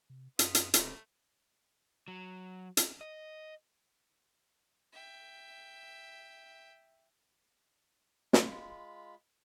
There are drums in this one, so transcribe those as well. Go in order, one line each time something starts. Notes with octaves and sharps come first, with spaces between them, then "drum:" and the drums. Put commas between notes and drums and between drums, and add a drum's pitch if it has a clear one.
C3
F#2 B3 F4 D#6, drum: hi-hat
drum: hi-hat
D1 C#2 C3 A3 A4, drum: hi-hat
F#3
drum: hi-hat
D#5
E5 G5
G#3 F4 B5, drum: snare